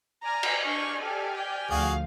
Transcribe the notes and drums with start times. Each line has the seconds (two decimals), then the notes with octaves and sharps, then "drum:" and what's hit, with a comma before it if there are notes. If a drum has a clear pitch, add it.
0.23 D5 G#5 A#5 F6
0.43 drum: cymbal
0.64 D4 C#6
1.02 G4 A4
1.36 G5
1.70 D2 F3 F#4 G#4 F5